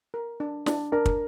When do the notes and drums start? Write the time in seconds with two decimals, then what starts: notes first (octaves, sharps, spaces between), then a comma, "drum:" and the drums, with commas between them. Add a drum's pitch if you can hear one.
0.14 A#4
0.40 D4
0.66 D4, drum: snare
0.92 D4 A#4
1.06 drum: kick